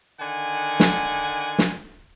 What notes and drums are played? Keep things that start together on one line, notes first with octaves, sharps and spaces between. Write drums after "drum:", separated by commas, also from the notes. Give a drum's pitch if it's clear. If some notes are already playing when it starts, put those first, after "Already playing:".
D3 D#3 F#5 G#5
drum: snare
drum: snare